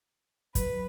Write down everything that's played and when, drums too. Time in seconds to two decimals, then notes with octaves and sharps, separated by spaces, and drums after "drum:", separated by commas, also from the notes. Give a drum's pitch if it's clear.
0.55 F#3 B4, drum: kick, hi-hat